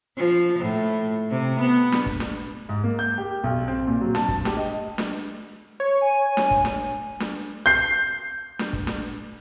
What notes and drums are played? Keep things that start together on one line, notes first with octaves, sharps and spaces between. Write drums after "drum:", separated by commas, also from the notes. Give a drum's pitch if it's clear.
F3
A2
C3
B3
drum: snare D4
drum: kick
drum: snare D4
G#2
A#3
G6
G4
B1
C4
A#2
F#3
A5, drum: snare D4
drum: kick
G4, drum: snare D4
D#5
drum: snare D4
C#5
G#5
drum: snare D4
drum: kick
drum: snare D4
drum: snare D4
G6 C7
drum: snare D4
drum: kick
drum: snare D4